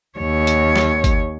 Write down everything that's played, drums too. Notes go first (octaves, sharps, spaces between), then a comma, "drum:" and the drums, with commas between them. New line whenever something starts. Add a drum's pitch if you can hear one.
D#2 C#5
drum: hi-hat
drum: snare
drum: kick G1, hi-hat